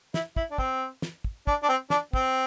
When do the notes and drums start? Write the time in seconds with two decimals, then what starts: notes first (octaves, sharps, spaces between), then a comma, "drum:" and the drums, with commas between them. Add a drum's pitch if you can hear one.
0.14 E4, drum: snare
0.36 E4, drum: kick
0.51 D4
0.58 C4, drum: kick
1.02 drum: snare
1.24 drum: kick
1.47 D4, drum: kick
1.63 D4
1.69 C4
1.90 D4, drum: snare
2.13 C4, drum: kick